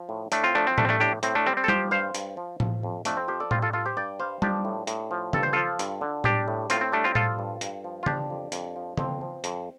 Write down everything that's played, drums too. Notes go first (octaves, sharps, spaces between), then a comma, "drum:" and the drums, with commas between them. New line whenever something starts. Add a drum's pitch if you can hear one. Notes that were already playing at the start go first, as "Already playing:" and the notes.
Already playing: F3
A2
A2 A3 D4, drum: hi-hat
C4 F4
F3 A3 D4
C4
G3 A3 D4, drum: tom A2
C4
A3 D4
A2 D4 G4
A2 C4, drum: hi-hat
A3 D4
G3 C4
C4
A4
F3 G4 C5, drum: tom G3
G2 C5 F5
G2, drum: hi-hat
F3
F3, drum: tom A2
F2
F2 A3 D4, drum: hi-hat
C4
F3 G4 C5
A4 D5
G3 C4 F4, drum: tom A2
F4 A4
G2 F4 A4
G4 C5
G2 D5 G5
G3 C5 F5
F3 D4 G4, drum: tom G3
A2
A2, drum: hi-hat
F3
G2 A4, drum: tom
C5
F3 F4 A4
G2, drum: hi-hat
D3
G3 D4 G4, drum: tom A2
A2
A2 C4 F4, drum: hi-hat
C4
G3 A3 D4
C4 F4
F3 F4 A4, drum: tom A2
G2
G2, drum: hi-hat
F3
F4
F3 D4 G4, drum: tom
F2
F2, drum: hi-hat
F3
F2 C4, drum: tom
F3
F2, drum: hi-hat